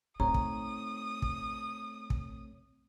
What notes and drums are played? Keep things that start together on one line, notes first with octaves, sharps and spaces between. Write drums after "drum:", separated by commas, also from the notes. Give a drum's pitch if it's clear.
A3 C4 D#4 C#5 A#5 D#6
drum: kick
drum: kick
drum: kick